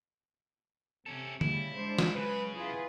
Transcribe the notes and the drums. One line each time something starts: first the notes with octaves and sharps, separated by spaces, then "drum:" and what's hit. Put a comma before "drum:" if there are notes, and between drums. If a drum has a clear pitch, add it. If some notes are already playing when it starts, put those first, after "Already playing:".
C3 C#4 A4
C#3 G3 E4, drum: tom D3
G#3 D4 C5
drum: snare
C#3 F#3 B4
E2 F4 G#4 B4